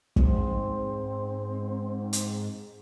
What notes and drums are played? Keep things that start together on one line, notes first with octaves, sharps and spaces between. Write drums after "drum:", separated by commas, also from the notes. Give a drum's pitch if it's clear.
G#2 C4, drum: kick
drum: hi-hat